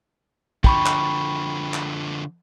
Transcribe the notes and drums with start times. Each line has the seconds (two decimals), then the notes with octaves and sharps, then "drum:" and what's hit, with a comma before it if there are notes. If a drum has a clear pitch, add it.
0.64 D3 F3 G5 B5 C#6, drum: kick
0.86 drum: clap
1.74 drum: clap